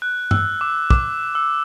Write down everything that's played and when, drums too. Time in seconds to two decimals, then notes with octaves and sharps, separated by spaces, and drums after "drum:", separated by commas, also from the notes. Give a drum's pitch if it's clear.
0.02 F#6
0.31 E6, drum: tom G2
0.61 D6
0.90 D6, drum: kick
1.35 E6